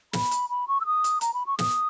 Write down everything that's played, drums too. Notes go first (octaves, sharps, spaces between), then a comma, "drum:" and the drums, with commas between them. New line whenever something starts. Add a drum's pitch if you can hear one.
B5, drum: snare
drum: hi-hat
B5
C#6
E6
D#6
drum: hi-hat
A#5, drum: hi-hat
B5
C#6
D#6, drum: snare